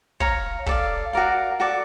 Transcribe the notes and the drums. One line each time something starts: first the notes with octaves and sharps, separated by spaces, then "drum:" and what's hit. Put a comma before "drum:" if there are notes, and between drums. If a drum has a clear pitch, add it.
C#5 F5 A#5, drum: kick
A4 D5 F5, drum: kick
F#4 A#4 D5 F5
F#4 A4 D5